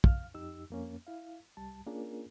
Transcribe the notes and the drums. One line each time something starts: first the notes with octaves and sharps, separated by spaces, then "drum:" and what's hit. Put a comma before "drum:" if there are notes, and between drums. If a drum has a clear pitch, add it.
F2 F5 F6, drum: kick
F2 D#4 G4 E6
F2 A#3 C#4
E4 F5
C2 G3 A5
A#3 C#4 D4 F4 G#4 A#4